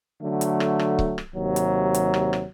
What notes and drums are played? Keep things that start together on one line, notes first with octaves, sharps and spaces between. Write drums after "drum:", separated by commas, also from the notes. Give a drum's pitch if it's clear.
D3 F#3 A3
drum: hi-hat
drum: rim click
drum: rim click
drum: kick C#1
drum: rim click
D#2 C3 F#3
drum: hi-hat
drum: hi-hat
drum: rim click
drum: rim click